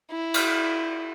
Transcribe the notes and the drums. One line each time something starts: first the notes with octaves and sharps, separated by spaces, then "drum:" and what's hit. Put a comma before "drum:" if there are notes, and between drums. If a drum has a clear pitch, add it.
E4
drum: cymbal